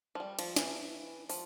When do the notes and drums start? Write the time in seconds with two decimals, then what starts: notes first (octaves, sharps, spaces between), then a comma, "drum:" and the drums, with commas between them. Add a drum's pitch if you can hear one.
0.15 F3
0.20 G3
0.39 F3, drum: cymbal
0.56 E3, drum: snare
1.30 F3, drum: open hi-hat